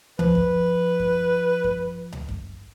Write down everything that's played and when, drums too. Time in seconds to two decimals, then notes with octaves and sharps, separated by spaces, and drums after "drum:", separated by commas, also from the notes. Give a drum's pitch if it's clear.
0.19 F3 B4, drum: tom C#2
0.35 drum: kick F#2
1.00 drum: kick F#2
1.64 drum: kick F#2
2.12 drum: tom C#2
2.29 drum: kick F#2